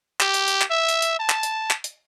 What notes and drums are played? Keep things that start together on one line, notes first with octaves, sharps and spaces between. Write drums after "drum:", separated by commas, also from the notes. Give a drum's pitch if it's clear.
G4, drum: clap
drum: hi-hat
drum: hi-hat
drum: clap
E5
drum: hi-hat
drum: hi-hat
A5
drum: clap
drum: hi-hat
drum: clap
drum: hi-hat